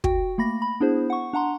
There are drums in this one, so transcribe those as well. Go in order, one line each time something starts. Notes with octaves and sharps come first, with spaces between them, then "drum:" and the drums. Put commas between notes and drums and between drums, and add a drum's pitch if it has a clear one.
F#4 G5, drum: kick
A3 A#3 B5 A#6
B5
B3 D4 E4 G#4 C5
F#5 C#6
D4 F#5 A#5 C6